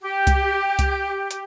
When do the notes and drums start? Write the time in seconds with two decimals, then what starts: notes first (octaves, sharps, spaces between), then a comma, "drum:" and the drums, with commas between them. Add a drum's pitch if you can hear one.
0.01 G4
0.27 drum: kick C2, hi-hat
0.79 drum: kick C2, hi-hat
1.31 drum: hi-hat